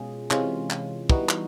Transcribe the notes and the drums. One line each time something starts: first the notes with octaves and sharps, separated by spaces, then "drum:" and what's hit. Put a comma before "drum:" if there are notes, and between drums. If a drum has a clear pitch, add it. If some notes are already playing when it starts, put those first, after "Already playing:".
Already playing: B2 G#3 C#4 F4 G#4
C3 E3 G#3 C#4 F4, drum: clap
drum: clap
E3 G3 B3 D#4 F#4, drum: kick
drum: clap